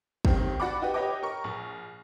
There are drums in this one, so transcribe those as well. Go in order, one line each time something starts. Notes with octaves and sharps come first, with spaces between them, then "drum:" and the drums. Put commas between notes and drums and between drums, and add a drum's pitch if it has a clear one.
G1 D#3 C4 G4, drum: kick
F#4 D5 F#5 B5 D6
D#4 F#4 G4 B4
G4 B4 C#5 D#5 G5 D6
A#4 C#6
A#1